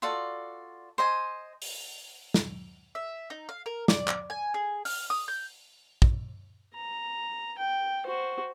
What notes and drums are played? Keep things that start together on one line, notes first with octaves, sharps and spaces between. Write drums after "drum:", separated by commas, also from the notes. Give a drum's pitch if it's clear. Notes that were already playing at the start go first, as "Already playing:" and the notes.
F4 F#4 A4 D5
C5 D#5 G#5
drum: open hi-hat
drum: snare
E5
D#4
F5
A#4
D5, drum: snare
drum: clap
G#5
G#4
F6, drum: open hi-hat
D#6
G6
drum: kick
A#5
G5
F#4 C5